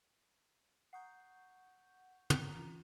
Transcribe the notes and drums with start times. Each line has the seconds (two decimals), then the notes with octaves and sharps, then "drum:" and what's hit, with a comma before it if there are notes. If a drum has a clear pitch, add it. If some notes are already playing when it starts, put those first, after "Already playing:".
0.93 F#5 A#5 C#6 D#6 G6 C7
2.30 drum: tom
2.41 A#5
2.56 E3 C#4 F4